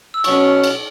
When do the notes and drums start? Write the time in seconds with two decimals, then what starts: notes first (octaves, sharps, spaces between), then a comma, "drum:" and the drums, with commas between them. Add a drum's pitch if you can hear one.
0.14 E6
0.24 B2 F#3 C#4 C#6, drum: cymbal
0.64 drum: cymbal